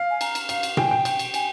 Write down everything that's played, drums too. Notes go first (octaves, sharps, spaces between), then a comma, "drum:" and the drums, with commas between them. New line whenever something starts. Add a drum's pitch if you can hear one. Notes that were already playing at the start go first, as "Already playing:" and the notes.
Already playing: F5
G#5
A#5, drum: cymbal
drum: cymbal
F5, drum: cymbal
drum: cymbal
G5 G#5, drum: tom A#2
G5
G5, drum: cymbal
drum: cymbal
G#5, drum: cymbal